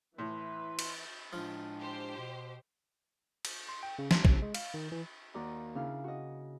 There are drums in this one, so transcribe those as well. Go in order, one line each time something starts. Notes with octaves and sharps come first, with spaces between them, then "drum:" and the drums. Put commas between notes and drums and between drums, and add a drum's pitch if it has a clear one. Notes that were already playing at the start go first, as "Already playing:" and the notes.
A2 E3 B4 C6
drum: cymbal
A2 F3 G#3 D4
G4 C5
B2
drum: cymbal
C6
G5
C#3
C6, drum: snare
C3, drum: kick
G#3
F5, drum: cymbal
D#3
E3
D#2 F#4 D5 A#5
C#3 D4 E4 F5
F#4 D#5